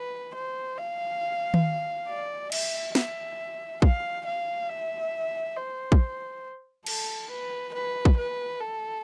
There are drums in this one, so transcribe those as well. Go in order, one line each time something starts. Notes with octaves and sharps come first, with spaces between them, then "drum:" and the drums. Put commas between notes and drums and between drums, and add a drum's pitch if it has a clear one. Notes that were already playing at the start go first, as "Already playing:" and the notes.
Already playing: B4
C5
F5
drum: tom D#3
D5
E5, drum: cymbal
E5, drum: snare
F5, drum: kick
F5
E5
C5
drum: kick
A4, drum: cymbal
B4
B4
drum: kick
B4
A4